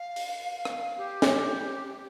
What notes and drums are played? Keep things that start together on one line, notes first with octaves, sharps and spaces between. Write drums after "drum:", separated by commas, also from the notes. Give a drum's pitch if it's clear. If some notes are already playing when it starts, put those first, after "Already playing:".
Already playing: F5
drum: open hi-hat
F5
drum: rim click
G4
drum: snare